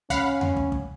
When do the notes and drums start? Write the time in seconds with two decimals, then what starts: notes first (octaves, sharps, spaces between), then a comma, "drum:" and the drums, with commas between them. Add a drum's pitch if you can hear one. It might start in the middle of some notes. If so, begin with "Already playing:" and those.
0.10 C#4 F5 F#5 B5, drum: kick
0.41 drum: tom E2
0.57 drum: kick
0.72 drum: kick